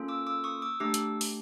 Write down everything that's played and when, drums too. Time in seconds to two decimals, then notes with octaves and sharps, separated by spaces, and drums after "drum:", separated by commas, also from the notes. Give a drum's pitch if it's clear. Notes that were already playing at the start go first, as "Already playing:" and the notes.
Already playing: A#3 C#4 F4 A4
0.08 D6 E6
0.27 D6 E6
0.44 C#6 D#6
0.62 D6 E6
0.80 A3 D4 G4 D6 E6
0.94 drum: hi-hat
1.21 drum: open hi-hat